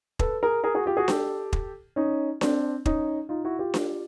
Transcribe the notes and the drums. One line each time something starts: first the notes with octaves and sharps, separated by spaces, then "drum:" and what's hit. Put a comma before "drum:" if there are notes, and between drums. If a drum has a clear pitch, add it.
A4 B4, drum: kick
G#4 A#4
G#4 A#4
F#4 G#4
F4 G4
F#4 G#4
G4 A4, drum: snare D4
drum: kick
C#4 D#4
C4 D4, drum: snare D4
C#4 D#4, drum: kick
D#4 F4
E4 F#4
F4 G4
drum: snare D4